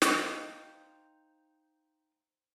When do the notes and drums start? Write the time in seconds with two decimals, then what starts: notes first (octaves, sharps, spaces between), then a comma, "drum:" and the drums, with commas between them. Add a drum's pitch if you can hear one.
0.02 D#4 C5 F5 G5, drum: snare